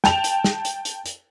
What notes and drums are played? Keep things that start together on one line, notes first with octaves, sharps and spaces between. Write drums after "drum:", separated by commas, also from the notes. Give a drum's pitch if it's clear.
G5 A5 F7, drum: snare
drum: hi-hat
drum: snare
drum: hi-hat
drum: hi-hat
drum: hi-hat